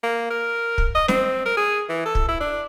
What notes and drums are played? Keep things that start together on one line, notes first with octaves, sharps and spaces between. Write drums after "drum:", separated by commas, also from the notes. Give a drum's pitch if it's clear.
A#3
A#4
drum: kick
D#5
C4, drum: snare
A#4
G#4
E3
A4
drum: kick
E4
D4